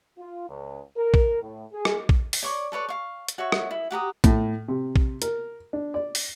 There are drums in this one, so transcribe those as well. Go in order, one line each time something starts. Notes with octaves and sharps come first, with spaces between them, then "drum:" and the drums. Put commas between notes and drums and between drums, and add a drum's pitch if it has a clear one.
F4
C#2
A#4
drum: kick
A2
G#4
drum: rim click
drum: kick
drum: open hi-hat
C#5 D5 C#6
A4 B4 C#5 D5
F5 C#6
drum: hi-hat
F#4 C#5 E5 C#6
drum: rim click
E4
F#4 G4 A#5 D#6
A2, drum: kick, hi-hat
C3
drum: kick
A#4, drum: hi-hat
D4
D5
drum: open hi-hat